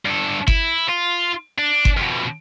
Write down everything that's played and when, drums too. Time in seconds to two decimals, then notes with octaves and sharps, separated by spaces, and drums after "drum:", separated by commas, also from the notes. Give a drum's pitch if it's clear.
0.05 G2 A4
0.48 E4, drum: kick G1
0.89 F4
1.59 D4
1.85 drum: kick G1
1.97 F2 B2